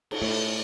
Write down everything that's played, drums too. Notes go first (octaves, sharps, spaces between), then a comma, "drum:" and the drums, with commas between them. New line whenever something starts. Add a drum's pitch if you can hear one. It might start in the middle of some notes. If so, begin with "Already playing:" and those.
drum: cymbal
A2